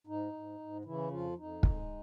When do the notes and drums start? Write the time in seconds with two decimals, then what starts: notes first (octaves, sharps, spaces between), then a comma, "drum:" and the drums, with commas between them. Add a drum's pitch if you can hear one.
0.07 G#2 D#4
0.33 G#2
0.59 G#2
0.85 C#3 E3 E4
1.11 F2 F3 F4
1.37 F2 D#4
1.63 G#3, drum: kick